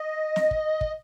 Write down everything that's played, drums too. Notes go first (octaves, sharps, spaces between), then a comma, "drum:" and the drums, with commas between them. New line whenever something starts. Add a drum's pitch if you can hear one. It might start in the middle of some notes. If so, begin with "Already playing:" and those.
Already playing: D#5
drum: snare
drum: kick
drum: kick